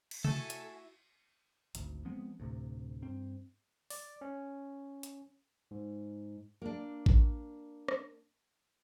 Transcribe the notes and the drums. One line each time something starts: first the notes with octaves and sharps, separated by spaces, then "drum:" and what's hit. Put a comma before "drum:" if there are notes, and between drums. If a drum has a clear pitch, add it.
drum: cymbal
A3 E4 F#4 A4 E5 F#5 G#5, drum: tom C3
drum: hi-hat
G#1 D2, drum: hi-hat
F3 G#3 B3 C4
D2 A2 C3
G2 C4
D5, drum: open hi-hat
C#4
drum: hi-hat
G#2
A#3 D4
drum: kick A1
drum: rim click